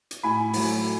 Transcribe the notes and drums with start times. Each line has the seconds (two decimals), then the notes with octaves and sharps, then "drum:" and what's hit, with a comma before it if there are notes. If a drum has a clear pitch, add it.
0.11 drum: hi-hat
0.23 A2 G#5 B5
0.53 F#3 A3, drum: open hi-hat